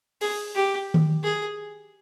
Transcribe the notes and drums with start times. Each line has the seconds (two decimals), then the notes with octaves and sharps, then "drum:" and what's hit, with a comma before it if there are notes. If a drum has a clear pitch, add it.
0.21 G#4, drum: open hi-hat
0.55 G4
0.94 drum: tom D#3
1.23 G#4